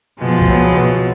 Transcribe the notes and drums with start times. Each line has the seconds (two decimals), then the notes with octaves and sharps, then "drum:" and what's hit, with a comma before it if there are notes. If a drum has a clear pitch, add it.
0.21 B2 F3 G#3
0.39 drum: kick A#1
0.48 F#3 B3 F#4
0.75 B2